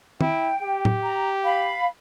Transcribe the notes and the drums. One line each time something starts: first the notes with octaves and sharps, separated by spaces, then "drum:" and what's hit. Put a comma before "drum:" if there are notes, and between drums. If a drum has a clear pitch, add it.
E4 G5, drum: tom
G4
drum: tom A2
A#5
F5 B5